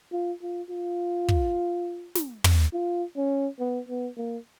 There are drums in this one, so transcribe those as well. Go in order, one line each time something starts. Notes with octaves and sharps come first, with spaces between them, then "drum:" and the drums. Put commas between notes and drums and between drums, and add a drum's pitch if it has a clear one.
F4
F4
F4
drum: kick
drum: snare
drum: tom
F4
C#4
B3
B3
A#3